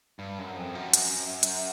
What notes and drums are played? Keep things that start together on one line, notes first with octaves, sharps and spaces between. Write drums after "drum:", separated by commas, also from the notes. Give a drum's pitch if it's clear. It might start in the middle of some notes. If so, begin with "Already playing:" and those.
G2
F#2
F2
F#2
drum: hi-hat
drum: hi-hat